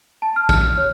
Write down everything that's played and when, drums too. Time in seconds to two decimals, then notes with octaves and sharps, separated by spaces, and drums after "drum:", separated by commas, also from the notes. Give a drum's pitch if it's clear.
0.22 A5
0.36 F6
0.49 F6, drum: kick, tambourine
0.61 F6
0.77 C#5